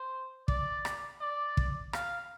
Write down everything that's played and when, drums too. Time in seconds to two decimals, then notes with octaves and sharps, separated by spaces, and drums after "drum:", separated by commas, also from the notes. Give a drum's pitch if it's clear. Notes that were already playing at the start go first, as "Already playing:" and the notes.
Already playing: C5
0.48 D5, drum: kick
0.85 drum: rim click
1.21 D5
1.57 drum: kick
1.93 F5, drum: rim click